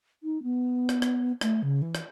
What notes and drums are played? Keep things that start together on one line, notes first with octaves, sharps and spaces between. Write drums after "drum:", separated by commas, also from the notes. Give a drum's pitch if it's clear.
D#4
B3
drum: rim click
drum: rim click
A3, drum: rim click
C#3
E3
drum: rim click